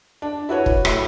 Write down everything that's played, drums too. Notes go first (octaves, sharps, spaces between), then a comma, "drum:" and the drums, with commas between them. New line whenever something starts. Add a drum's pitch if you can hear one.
D4
E4 F#4 B4 C#5
drum: kick
A2 F#3, drum: rim click